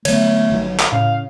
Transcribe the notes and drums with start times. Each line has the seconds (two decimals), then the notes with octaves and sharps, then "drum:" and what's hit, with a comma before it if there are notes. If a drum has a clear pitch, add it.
0.05 D3 F#3 A3 B3 C#5, drum: cymbal
0.50 G1 D#3 F#3
0.79 drum: clap
0.92 A2 C#3 F5